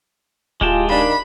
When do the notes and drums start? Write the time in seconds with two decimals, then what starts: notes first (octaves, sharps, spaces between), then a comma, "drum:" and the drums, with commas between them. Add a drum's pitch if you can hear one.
0.61 G#3 E4 F4 G4 G#4 A5, drum: kick D1
0.89 D#3 D4 D5 F5 B5